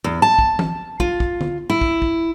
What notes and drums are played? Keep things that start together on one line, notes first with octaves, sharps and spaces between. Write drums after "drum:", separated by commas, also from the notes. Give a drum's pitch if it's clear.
E2
A5
drum: kick
drum: tom E3
F4, drum: kick
drum: kick
drum: tom D3
E4
drum: kick
drum: kick